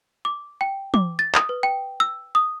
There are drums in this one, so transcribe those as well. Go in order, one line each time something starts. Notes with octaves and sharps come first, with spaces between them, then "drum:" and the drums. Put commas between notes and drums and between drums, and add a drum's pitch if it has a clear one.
D6
G5
D6, drum: tom
A6
D#6, drum: clap
B4
G5
E6
D#6